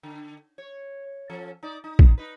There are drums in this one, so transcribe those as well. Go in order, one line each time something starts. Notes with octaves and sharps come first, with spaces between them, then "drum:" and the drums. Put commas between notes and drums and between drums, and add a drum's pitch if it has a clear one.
D3
C#5
F3 C#4 A4
D#4 D5
D#4
drum: kick A#1
D#4 B4